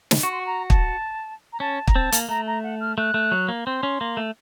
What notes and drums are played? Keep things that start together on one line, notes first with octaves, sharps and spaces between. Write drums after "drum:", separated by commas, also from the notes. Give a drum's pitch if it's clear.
drum: snare
F#4 C#6
C6
C#6
A#5
A5, drum: kick
A#5
C#4 A5
A#5, drum: kick
C4 A5
A#3, drum: hi-hat
A3 A#5
A#5
F#5
F6
A3 F#6
A3
F#3
A#3
C4 C6
C#4
A#3
A3